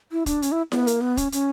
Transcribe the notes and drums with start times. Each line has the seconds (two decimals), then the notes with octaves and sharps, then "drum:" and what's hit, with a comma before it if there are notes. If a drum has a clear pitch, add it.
0.12 E4
0.26 D4, drum: kick, hi-hat
0.42 C#4, drum: hi-hat
0.52 E4
0.72 B3, drum: snare E4
0.87 A#3, drum: hi-hat
1.01 B3
1.17 C#4, drum: kick, hi-hat
1.32 C#4, drum: hi-hat